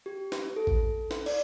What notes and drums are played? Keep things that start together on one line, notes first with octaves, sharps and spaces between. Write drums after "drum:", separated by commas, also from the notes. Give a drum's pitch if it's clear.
G4
drum: snare
A4
drum: kick A1
drum: snare
D5, drum: cymbal